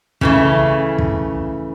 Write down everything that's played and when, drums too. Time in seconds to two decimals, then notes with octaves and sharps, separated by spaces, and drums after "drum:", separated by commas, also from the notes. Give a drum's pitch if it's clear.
0.21 C#3 E3 A3, drum: kick
0.98 drum: kick